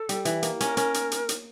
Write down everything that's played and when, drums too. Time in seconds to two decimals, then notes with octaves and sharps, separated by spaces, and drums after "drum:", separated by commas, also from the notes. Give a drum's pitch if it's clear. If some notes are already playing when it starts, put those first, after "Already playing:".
Already playing: A4
0.09 G3, drum: hi-hat
0.25 E3, drum: hi-hat
0.43 A#3, drum: hi-hat
0.60 C#4 A#4, drum: hi-hat
0.77 C#4, drum: hi-hat
0.94 drum: hi-hat
1.12 drum: hi-hat
1.29 drum: hi-hat